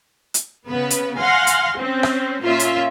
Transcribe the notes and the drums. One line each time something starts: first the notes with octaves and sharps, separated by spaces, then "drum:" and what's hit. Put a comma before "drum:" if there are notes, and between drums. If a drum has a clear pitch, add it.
drum: hi-hat
C#3 B3 B4
drum: hi-hat
F5 F#5 G#5 C6 A#6
drum: hi-hat
C4 C#4
drum: rim click
A#2 C#4 F4 E5
drum: hi-hat